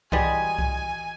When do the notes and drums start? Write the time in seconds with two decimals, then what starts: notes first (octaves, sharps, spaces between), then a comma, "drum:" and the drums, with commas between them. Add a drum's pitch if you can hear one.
0.12 E3 G3 G#3 F#4 D#5 G#5, drum: kick C2
0.59 drum: kick C2